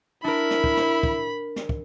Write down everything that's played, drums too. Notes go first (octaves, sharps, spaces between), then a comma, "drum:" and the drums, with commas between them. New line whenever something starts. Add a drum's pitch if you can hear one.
D4 E4 A#4 B5
drum: snare
drum: kick
drum: snare
drum: kick
drum: snare
drum: kick